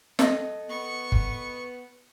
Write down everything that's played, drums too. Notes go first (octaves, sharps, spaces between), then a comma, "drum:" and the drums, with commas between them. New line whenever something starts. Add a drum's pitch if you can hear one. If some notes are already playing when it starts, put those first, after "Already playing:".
A4 D#5, drum: snare
B3 C#6
drum: kick G1